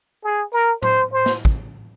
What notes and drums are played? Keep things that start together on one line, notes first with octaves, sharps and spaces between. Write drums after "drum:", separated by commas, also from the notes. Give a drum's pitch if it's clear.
G#4
A#4, drum: tambourine
C5, drum: tom A2
C5
drum: snare
drum: kick